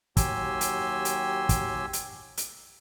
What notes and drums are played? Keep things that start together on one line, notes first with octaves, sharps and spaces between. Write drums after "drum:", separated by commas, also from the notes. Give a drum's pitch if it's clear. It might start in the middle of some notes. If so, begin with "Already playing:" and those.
D#2 F#3 G4 G#5 C6 E6, drum: kick, hi-hat
drum: hi-hat
drum: hi-hat
drum: kick, hi-hat
drum: hi-hat
drum: hi-hat